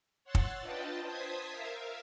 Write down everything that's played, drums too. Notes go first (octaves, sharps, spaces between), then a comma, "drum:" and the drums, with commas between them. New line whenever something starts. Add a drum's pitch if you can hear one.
C#5 F#5 C6 E6 F#6 A6
drum: kick
D4 F4 B4 D#5 G5 A5
C5 A5 D#6 G#6 B6
A#4 E5 F5